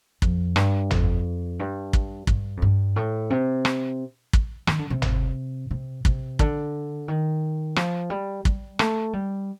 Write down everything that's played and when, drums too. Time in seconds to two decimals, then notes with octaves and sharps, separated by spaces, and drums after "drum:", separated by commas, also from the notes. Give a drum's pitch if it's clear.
0.22 F2, drum: kick
0.56 G2, drum: rim click
0.91 F2, drum: tom
1.60 G2
1.93 drum: kick
2.27 G2, drum: kick
2.57 F2
2.62 G2
2.96 A2
3.30 C3
3.65 drum: rim click
4.33 drum: kick
4.67 D#3, drum: rim click
4.79 D3
4.90 C3
5.02 drum: tom
5.71 C3
6.05 C3, drum: kick
6.39 D3, drum: kick
7.08 D#3
7.76 F3, drum: rim click
8.10 G3
8.45 G3, drum: kick
8.79 A3, drum: rim click
9.13 G3